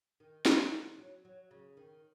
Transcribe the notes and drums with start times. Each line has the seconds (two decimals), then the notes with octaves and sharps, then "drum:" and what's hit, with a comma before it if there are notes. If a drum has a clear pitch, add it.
0.20 D#3
0.45 D#3, drum: snare
0.73 D#3
0.98 F#3
1.25 F#3
1.51 C#3
1.77 D#3